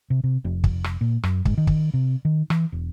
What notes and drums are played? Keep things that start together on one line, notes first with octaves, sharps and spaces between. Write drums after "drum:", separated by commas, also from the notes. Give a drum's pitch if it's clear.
C3
C3
F1
drum: kick
drum: rim click
A#2
F#2, drum: rim click
G#2, drum: kick
D#3
drum: kick
C3
D#3
E3, drum: rim click
E1